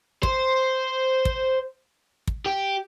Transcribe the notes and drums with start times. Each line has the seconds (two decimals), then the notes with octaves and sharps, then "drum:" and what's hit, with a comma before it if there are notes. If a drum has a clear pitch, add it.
0.23 C5, drum: kick
1.25 drum: kick
2.27 drum: kick
2.46 G4